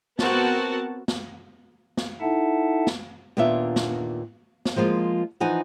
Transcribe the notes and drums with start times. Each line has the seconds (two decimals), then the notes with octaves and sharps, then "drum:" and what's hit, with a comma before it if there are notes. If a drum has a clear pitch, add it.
0.19 B3 C4 F#4 A#4 F#5 A5, drum: snare
1.08 drum: snare
1.97 drum: snare
2.21 D#4 E4 A4 E5 F#5 A5
2.87 drum: snare
3.37 D#2 A#2 B3 D4 F4 E5
3.76 drum: snare
4.65 drum: snare
4.76 F3 G#3 A#3 F4
5.40 E3 F3 D#4 F#5 G#5